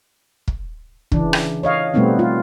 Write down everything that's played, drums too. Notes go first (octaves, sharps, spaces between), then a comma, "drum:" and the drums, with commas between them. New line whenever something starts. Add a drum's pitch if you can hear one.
drum: kick
C#3 E3 D4, drum: kick
drum: rim click
C#5 D#5 F5
B2 G3 A3 B3 C4 D#4
F4